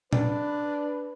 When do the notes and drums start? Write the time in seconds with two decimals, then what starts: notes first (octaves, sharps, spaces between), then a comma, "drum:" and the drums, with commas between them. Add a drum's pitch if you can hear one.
0.13 D4 B4, drum: tom A#2